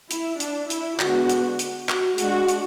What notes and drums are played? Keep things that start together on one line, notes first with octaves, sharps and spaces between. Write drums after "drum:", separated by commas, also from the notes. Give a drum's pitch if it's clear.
E4, drum: hi-hat
D4, drum: hi-hat
E4, drum: hi-hat
D3 G#3 B3 D4 F#4, drum: clap
drum: hi-hat
drum: hi-hat
F#4, drum: clap
G#3 D4 F#4, drum: hi-hat
drum: hi-hat